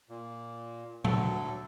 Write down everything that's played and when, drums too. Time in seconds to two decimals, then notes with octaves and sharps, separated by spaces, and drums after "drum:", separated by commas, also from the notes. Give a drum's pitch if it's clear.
0.09 A#2
1.04 D2 D3 F#3 A4, drum: tom A#2